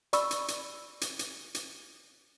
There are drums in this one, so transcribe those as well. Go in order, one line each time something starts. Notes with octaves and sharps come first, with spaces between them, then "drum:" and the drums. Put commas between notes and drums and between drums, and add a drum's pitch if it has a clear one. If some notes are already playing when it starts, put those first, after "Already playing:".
D5 B5 C#6 E6, drum: hi-hat
drum: hi-hat
drum: hi-hat
drum: hi-hat
drum: hi-hat
drum: hi-hat